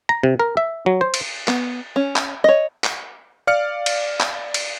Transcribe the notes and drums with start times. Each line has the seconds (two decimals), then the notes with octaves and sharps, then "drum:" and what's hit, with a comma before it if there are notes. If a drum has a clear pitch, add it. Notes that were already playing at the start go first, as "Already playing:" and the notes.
0.09 A#5
0.23 C3
0.40 A#4
0.57 E5
0.86 F#3
1.01 C5
1.14 drum: cymbal
1.48 B3, drum: clap
1.96 C#4
2.16 drum: clap
2.44 C#5 D#5
2.84 drum: clap
3.47 D5 F5 F6 C#7
3.86 drum: cymbal
4.20 drum: clap
4.54 drum: cymbal